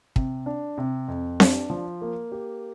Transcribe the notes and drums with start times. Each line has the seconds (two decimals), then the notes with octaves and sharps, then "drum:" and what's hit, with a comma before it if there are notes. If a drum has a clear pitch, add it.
0.16 C3, drum: kick
0.46 D4
0.78 C3
1.08 F2
1.40 D4, drum: snare C4
1.70 F3
2.02 A#3
2.32 G4